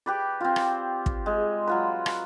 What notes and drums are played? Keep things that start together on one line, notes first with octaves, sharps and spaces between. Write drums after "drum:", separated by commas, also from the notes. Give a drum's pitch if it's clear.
G4 B4 D5
C4 F4
drum: rim click
drum: kick
G#3
F#3 F4 B4
drum: rim click